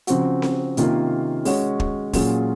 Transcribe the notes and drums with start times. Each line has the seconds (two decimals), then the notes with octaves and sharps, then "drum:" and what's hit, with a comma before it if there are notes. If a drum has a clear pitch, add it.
0.07 C#3 F3 C4 F#4, drum: hi-hat
0.42 drum: snare C4
0.77 C3 D#3 A#3 C#4 F4, drum: hi-hat
1.45 G#3 C#4 F#4 C#5, drum: open hi-hat
1.80 drum: kick
2.13 A#2 F#3 C#4 F4 G#4, drum: kick, open hi-hat